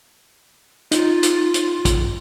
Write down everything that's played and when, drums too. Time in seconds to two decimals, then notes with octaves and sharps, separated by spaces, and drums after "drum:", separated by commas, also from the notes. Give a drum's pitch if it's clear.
0.91 D#4 F4, drum: hi-hat
1.23 drum: hi-hat
1.54 drum: hi-hat
1.85 drum: kick, hi-hat